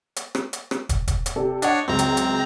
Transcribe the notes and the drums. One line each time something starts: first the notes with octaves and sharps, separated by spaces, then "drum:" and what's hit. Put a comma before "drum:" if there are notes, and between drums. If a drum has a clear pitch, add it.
drum: hi-hat
drum: rim click
drum: hi-hat
drum: rim click
drum: kick, hi-hat
drum: kick, hi-hat
drum: hi-hat
C3 A4 D5
D4 C#5 D#5 F#5, drum: hi-hat
C#2 F#2 C4 A#5
drum: hi-hat
drum: hi-hat